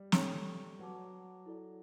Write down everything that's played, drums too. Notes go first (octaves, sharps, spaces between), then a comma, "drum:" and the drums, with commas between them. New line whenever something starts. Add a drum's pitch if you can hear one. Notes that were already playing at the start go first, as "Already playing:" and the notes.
Already playing: G3
A4 C#5 G5 C#6, drum: snare
F#3 B4 F#5 A5 D6
E4 A4 D5